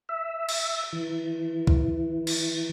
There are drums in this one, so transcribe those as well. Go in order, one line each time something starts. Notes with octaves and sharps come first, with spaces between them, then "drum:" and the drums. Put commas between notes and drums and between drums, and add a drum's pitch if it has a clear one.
E5
drum: cymbal
E3
drum: kick
drum: cymbal